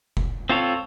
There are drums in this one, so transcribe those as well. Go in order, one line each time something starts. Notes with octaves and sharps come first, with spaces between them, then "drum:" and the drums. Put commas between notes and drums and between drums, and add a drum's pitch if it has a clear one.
drum: kick F1
C4 F4 A4 C#5